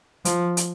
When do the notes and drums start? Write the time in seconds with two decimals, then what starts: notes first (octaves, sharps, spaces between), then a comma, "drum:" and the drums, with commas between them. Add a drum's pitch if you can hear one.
0.25 F3, drum: hi-hat
0.57 drum: hi-hat